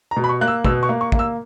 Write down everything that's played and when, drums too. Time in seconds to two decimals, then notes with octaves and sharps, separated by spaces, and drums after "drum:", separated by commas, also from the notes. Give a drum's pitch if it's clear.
0.11 A#5
0.16 B2
0.24 B5
0.29 C#6
0.41 A#3 F#6
0.48 E6
0.65 B2 E6, drum: kick
0.83 C#6
0.89 A#3
1.01 C#6
1.12 A#3, drum: kick
1.19 E6